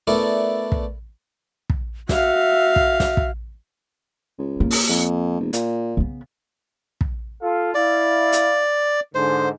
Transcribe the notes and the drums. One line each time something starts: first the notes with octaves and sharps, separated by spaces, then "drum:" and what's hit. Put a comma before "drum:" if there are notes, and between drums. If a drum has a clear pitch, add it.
A3 B3 D4 E4 A#4 D5
drum: kick
drum: kick
F#4 E5 F5, drum: snare
drum: kick
drum: snare
drum: kick
C#2
A#3
drum: open hi-hat
F2
E1
A#2, drum: hi-hat
C#3 B3
drum: kick
F4 A4 F5
E4 D5 F5
drum: hi-hat
G#2 D3 C5